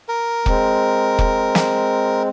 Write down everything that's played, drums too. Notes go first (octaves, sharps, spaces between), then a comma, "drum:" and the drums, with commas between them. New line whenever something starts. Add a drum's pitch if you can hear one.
A#4
G#3 C4, drum: kick
drum: kick
drum: snare